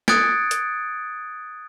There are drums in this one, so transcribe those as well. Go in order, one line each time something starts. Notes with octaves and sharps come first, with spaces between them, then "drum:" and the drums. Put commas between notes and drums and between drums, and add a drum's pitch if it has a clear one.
D#6 F#6 G#6 A6 C#7 D7, drum: snare
drum: hi-hat